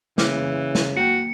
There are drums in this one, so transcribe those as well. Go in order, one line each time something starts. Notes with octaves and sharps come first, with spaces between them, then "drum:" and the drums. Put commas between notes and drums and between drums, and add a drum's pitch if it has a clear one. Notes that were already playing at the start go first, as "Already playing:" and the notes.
C#3 E3 A#3 D6 F6, drum: snare
drum: snare
A#3 F#4 G5 G6 C#7